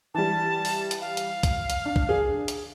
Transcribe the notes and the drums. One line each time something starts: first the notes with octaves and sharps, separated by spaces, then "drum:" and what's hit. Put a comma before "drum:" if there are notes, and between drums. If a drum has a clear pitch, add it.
E3 G3 A5
drum: open hi-hat
drum: hi-hat
F5
drum: hi-hat
drum: kick, hi-hat
drum: hi-hat
D4
drum: kick
G#4
drum: hi-hat